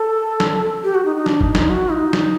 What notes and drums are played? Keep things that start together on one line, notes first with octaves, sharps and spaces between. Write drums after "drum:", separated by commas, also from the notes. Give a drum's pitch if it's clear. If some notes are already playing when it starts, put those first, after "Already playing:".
Already playing: A4
drum: snare
G4
F#4
D#4
D#4
D4, drum: snare
D#4, drum: kick
D#4, drum: snare
F#4
D#4
drum: snare